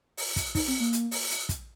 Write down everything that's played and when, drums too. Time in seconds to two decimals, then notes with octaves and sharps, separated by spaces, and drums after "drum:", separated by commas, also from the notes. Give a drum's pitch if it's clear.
0.17 drum: open hi-hat
0.36 drum: kick, hi-hat
0.55 D#4, drum: kick, open hi-hat
0.68 C4
0.80 A#3
0.93 drum: hi-hat
1.11 drum: open hi-hat
1.30 drum: hi-hat
1.49 drum: kick, hi-hat